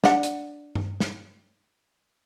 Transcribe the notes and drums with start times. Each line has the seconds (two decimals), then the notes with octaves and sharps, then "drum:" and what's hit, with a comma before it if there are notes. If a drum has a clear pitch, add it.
0.04 D4 F#5, drum: snare
0.23 drum: hi-hat
0.75 drum: tom G2
1.00 drum: snare